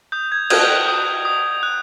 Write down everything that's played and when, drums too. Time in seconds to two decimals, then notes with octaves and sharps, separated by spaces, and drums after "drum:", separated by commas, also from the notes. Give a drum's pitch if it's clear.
0.12 D#6 G6
0.32 G#6
0.50 D#6 G#6, drum: cymbal
0.88 D#6
1.25 D#6
1.63 F#6